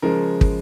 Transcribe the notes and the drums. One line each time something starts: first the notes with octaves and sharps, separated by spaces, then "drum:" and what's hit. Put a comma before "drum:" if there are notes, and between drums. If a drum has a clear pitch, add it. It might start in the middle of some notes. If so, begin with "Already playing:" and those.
C#3 F3 G#3 A#4
drum: kick